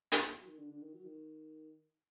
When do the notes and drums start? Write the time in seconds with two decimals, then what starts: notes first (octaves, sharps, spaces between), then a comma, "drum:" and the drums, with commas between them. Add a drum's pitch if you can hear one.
0.12 A2, drum: hi-hat
0.24 A#2
0.35 F#3
0.47 D#3
0.58 D3
0.70 D3
0.82 D#3
0.93 F#3
1.05 D#3